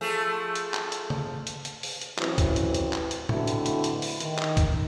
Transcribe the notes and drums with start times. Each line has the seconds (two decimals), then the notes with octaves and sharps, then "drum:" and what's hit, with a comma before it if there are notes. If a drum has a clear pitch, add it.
0.01 F3 A3 G#4
0.55 drum: hi-hat
0.74 drum: clap
0.92 drum: hi-hat
1.10 drum: tom C#3
1.47 drum: hi-hat
1.65 drum: hi-hat
1.83 drum: open hi-hat
2.01 drum: hi-hat
2.19 A1 E3 F#3 C4, drum: clap
2.38 drum: kick, hi-hat
2.56 drum: hi-hat
2.74 drum: hi-hat
2.93 drum: clap
3.11 drum: hi-hat
3.29 F2 B2 D3 A3 C4 E4, drum: tom A2
3.47 drum: hi-hat
3.66 drum: hi-hat
3.84 drum: hi-hat
4.02 drum: open hi-hat
4.20 D#3, drum: hi-hat
4.39 drum: clap
4.57 drum: kick, hi-hat